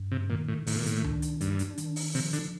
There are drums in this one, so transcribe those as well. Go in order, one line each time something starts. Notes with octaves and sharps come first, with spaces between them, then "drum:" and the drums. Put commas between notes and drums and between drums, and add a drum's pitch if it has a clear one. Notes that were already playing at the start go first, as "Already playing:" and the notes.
Already playing: G2
C3
A#2 D#3
A2
A2 D#3, drum: open hi-hat
A#2
A2, drum: hi-hat
D4, drum: tom C#2
drum: hi-hat
G2 D4, drum: hi-hat
drum: hi-hat
D#3, drum: hi-hat
drum: open hi-hat
C3 F3, drum: open hi-hat
D3, drum: hi-hat